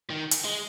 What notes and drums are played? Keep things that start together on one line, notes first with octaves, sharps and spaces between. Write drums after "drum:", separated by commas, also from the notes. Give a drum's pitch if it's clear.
D#3
drum: hi-hat
G#3